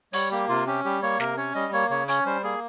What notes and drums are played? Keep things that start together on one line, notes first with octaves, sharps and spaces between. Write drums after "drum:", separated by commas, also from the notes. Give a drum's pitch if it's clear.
G3 C#5, drum: open hi-hat
A#3 G4
C3 F4
C#4 G4
G3 G4
A#3 C#5
C3 A#4, drum: snare
C#4 C#5
G3 D#5
A#3 C#5
C#3 C#5
C#4 C#5, drum: hi-hat
G3 C5
A#3 G#4